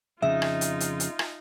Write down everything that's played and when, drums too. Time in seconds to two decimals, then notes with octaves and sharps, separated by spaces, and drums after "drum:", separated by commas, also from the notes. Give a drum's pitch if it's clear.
0.22 F2 C#3 G#3 D#4 F4 E5
0.42 drum: rim click
0.61 drum: hi-hat
0.80 drum: hi-hat
1.00 drum: hi-hat
1.19 drum: rim click